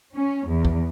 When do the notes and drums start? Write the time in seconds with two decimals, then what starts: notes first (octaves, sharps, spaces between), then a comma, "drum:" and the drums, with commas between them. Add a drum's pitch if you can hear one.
0.15 C#4
0.47 E2
0.65 drum: kick